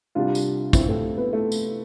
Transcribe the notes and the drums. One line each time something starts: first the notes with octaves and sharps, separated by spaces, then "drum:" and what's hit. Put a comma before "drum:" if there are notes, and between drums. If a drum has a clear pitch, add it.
C2 C3 G3 D4 F4
drum: tambourine
C4 E4, drum: kick, tambourine
A3 C4
B3
A3
drum: tambourine